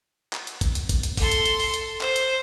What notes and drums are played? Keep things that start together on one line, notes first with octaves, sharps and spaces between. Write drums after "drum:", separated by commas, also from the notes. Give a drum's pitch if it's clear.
drum: clap
drum: hi-hat
drum: kick, hi-hat
drum: hi-hat
drum: kick, hi-hat
drum: hi-hat
A4 C6, drum: kick, open hi-hat
drum: hi-hat
drum: hi-hat
drum: open hi-hat
drum: hi-hat
C5, drum: clap
drum: hi-hat